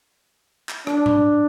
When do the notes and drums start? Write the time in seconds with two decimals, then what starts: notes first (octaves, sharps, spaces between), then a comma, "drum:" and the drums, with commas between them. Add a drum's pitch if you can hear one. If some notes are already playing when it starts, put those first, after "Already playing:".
0.69 drum: clap
0.87 D4, drum: rim click
1.06 drum: tom A2